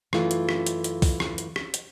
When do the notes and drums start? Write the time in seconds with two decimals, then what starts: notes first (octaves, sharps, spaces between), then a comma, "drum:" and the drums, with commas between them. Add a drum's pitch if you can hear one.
0.13 F#2 E3 A3 F4, drum: rim click
0.31 drum: hi-hat
0.49 drum: rim click
0.67 drum: hi-hat
0.84 drum: hi-hat
1.02 drum: kick, open hi-hat
1.20 drum: rim click
1.38 drum: hi-hat
1.56 drum: rim click
1.74 drum: hi-hat